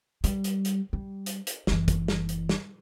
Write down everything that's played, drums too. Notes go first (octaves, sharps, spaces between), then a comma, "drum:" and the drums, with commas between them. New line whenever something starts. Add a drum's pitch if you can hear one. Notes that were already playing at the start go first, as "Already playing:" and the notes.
G3, drum: hi-hat
drum: hi-hat
drum: hi-hat
G3
drum: hi-hat
drum: hi-hat
F#1 E3, drum: snare
drum: kick, hi-hat
drum: snare
drum: hi-hat
drum: snare